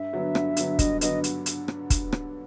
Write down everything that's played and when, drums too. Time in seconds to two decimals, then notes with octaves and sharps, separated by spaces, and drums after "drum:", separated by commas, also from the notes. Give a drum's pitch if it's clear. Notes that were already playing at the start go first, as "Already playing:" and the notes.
Already playing: G2 E5
0.13 D3 F#3 B3
0.35 G2, drum: rim click
0.57 D3 F#3 B3, drum: hi-hat
0.79 G2 D#5, drum: kick, hi-hat
1.01 D3 F#3 B3 D#5, drum: hi-hat
1.24 drum: hi-hat
1.46 drum: hi-hat
1.68 drum: rim click
1.90 drum: kick, hi-hat
2.13 drum: rim click